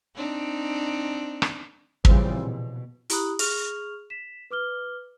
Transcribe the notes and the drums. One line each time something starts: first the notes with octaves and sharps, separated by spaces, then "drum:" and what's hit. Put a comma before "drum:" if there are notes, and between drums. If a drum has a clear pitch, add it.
C4 D4 D#4
drum: rim click
A#2 C#3 E3 F3 G3 C4, drum: kick
B2
E4 G4 A#5 B5 D#6 F#6, drum: hi-hat
G#4 C#6 F6 F7, drum: open hi-hat
B6 E7
B4 D6 F6 G7